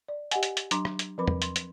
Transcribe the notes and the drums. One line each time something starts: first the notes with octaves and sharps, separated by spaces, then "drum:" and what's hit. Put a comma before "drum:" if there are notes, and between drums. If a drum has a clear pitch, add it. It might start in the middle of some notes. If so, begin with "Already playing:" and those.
D5
G4 D#5 F#5 G#5, drum: hi-hat
drum: hi-hat
drum: hi-hat
F#3 D4 A#5 C6 D6, drum: hi-hat
drum: rim click
drum: hi-hat
F3 C4 A#4 B4 B5 D6
drum: tom
C6, drum: hi-hat
drum: hi-hat